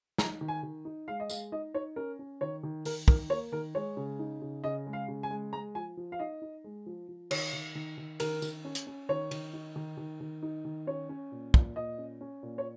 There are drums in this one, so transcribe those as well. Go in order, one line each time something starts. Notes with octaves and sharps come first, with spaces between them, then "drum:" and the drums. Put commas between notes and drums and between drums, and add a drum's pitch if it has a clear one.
D#4 A#5, drum: snare
D#3
G#5
D#3
D#4
G#3 F5
D#5
G#3 F5, drum: tambourine
D#4 D#5
D#4 C#5
C#4 A#4
C#4
D#3 C#5
D#3
D#3 A#4, drum: open hi-hat
D#3 A#4, drum: kick
A#3 C#5
D#3 A#4
G#3 C#5
C#3
D#4
C#3
C#3 D#5
G#3
F5
C#3
G#5
G#3
G#3 A#5
F3 G#5
F3
F5
D#4 D#5
D#4
G#3
F3
F3
D#3 C#5, drum: cymbal
D#3
D#3
D#3
D#3 A#4, drum: cymbal
D#3, drum: tambourine
C#4
drum: hi-hat
C#4
D#3 C#5
D#3, drum: cymbal
D#4
D#3
D#3
D#3
D#4
D#3
C#4 C#5
C#4
A#2
A#2, drum: kick
A#2 D#5
C#4
C#4
A#2
C#5